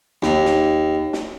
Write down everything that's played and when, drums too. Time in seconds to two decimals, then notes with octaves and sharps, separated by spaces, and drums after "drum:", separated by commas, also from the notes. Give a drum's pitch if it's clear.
0.22 D#2, drum: snare
0.45 drum: snare
1.13 drum: snare